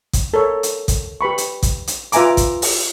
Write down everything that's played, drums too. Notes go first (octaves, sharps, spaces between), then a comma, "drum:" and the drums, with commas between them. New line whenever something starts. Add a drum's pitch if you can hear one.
drum: kick, hi-hat
A4 A#4 C#5
drum: hi-hat
drum: kick, hi-hat
G4 B4 B5 C#6
drum: hi-hat
drum: kick, hi-hat
drum: hi-hat
F4 B4 E5 G#5 A#5 D6, drum: hi-hat
drum: kick, hi-hat
drum: open hi-hat